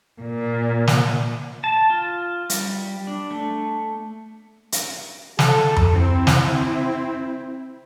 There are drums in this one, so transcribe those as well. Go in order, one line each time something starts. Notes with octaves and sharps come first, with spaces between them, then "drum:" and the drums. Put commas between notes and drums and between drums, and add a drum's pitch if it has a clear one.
A#2
drum: snare
A5
F4
G3, drum: hi-hat
D4
A3
drum: hi-hat
A4, drum: snare
drum: tom F2
C4 E4
drum: snare